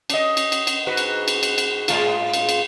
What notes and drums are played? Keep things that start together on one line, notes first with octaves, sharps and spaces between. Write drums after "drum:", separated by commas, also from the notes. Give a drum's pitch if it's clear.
C#4 D#5, drum: cymbal
drum: cymbal
drum: cymbal
drum: cymbal
G#2 F#4 B4
drum: cymbal
drum: cymbal
drum: cymbal
drum: cymbal
A2 G#3 F4, drum: cymbal
drum: cymbal
drum: cymbal